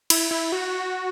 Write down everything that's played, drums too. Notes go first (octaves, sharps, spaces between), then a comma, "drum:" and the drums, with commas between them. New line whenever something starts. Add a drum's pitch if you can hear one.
E4, drum: cymbal
E4
F#4